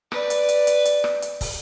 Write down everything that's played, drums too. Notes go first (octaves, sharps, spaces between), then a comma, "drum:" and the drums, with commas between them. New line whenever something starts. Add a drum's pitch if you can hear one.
B4 D5, drum: rim click
drum: hi-hat
drum: hi-hat
drum: hi-hat
drum: hi-hat
drum: rim click
drum: hi-hat
drum: kick, open hi-hat